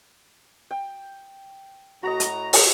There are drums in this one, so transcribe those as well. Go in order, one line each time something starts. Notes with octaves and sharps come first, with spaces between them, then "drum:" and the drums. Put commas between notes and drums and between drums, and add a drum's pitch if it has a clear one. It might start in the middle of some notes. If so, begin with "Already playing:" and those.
G5
A2 F#4 D#5 A#5
drum: hi-hat
drum: open hi-hat